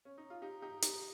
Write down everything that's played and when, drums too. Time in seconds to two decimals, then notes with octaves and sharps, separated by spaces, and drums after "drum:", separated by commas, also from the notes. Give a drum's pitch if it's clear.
0.05 C#4
0.18 D#4
0.30 F4
0.42 D#4 G4
0.62 D#4 G4
0.82 D#4 G4, drum: hi-hat